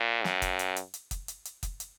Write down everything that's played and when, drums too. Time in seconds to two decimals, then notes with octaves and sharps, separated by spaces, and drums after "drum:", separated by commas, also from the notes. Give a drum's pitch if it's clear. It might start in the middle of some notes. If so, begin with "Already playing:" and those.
Already playing: A#2
0.25 F#2, drum: snare
0.42 drum: kick, hi-hat
0.59 drum: hi-hat
0.76 drum: hi-hat
0.94 drum: hi-hat
1.11 drum: kick, hi-hat
1.28 drum: hi-hat
1.45 drum: hi-hat
1.63 drum: kick, hi-hat
1.80 drum: hi-hat